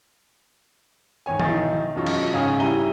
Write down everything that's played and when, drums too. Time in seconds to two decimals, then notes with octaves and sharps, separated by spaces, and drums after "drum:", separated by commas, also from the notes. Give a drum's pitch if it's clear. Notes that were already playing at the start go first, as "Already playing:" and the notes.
1.26 G#2 D#3 C#5 G#5
1.40 B1 D#3 D#4 E4 A6, drum: tom
1.95 E1 F#2 F#3 F4 D#5 C#6
2.06 drum: cymbal
2.32 G#2 C#3 C#5 F5 G#5 D#6
2.60 G3 E4 A#5 D#7 G7